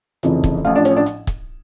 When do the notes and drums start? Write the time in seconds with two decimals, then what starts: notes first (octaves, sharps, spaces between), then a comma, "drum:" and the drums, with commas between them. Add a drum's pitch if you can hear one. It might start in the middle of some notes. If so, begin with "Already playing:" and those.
0.23 F1 F2 C#3 E3, drum: hi-hat
0.44 drum: kick, hi-hat
0.65 A1 A2 F3 F4
0.76 D4
0.85 C#4, drum: hi-hat
0.97 D4
1.06 drum: hi-hat
1.27 drum: kick, hi-hat